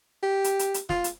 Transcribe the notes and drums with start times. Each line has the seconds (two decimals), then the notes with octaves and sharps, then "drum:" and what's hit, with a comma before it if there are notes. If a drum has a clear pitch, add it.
0.23 G4
0.44 drum: hi-hat
0.59 drum: hi-hat
0.74 drum: hi-hat
0.89 F4, drum: snare
1.04 drum: hi-hat